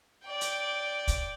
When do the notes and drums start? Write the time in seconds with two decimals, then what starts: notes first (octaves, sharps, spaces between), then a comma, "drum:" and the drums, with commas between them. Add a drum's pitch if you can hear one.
0.24 D5 G5
0.41 drum: hi-hat
1.08 drum: kick, hi-hat